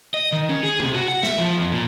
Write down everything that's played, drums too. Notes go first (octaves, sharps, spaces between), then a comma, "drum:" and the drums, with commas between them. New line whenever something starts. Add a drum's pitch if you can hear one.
D#5
D#3
C#4
G#4
C3, drum: tom C3
F#4
F#5
E5, drum: snare
F3
F2
A#2